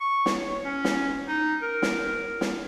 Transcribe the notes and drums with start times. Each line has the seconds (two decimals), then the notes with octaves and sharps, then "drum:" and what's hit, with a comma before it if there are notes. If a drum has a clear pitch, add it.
0.01 C#6
0.26 drum: snare
0.36 C#5
0.65 C#4
0.84 drum: snare
1.28 D#4
1.62 A#4
1.82 drum: snare
2.41 drum: snare